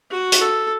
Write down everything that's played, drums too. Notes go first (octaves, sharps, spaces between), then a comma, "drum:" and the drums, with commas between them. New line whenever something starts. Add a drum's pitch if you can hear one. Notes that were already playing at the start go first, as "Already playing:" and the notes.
F#4
drum: hi-hat
A4